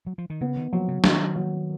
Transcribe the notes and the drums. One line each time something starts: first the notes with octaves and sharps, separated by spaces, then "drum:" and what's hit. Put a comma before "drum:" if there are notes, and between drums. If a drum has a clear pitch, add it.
F#3
F3
D#3
C#3 B3
D#3
F3 F#3
C#3
D#3 F#3, drum: snare
F#3